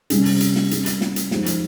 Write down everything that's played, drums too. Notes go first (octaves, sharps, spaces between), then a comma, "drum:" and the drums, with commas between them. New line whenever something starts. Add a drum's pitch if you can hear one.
C3 G3 C#4, drum: hi-hat
drum: open hi-hat
drum: hi-hat
drum: snare
G3 C#4 G4, drum: hi-hat
drum: hi-hat
drum: snare
drum: hi-hat
F3 G#3 D#4 G4 C5, drum: snare
drum: hi-hat